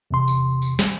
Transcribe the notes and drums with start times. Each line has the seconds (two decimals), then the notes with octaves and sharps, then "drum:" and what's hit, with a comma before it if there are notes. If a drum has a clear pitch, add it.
0.11 E2 C3 C6
0.28 drum: tambourine
0.62 drum: tambourine
0.79 drum: snare